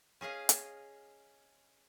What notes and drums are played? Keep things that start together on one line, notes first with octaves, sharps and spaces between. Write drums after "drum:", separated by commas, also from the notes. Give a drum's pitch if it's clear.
C#4 G#4 D#5 F5
drum: hi-hat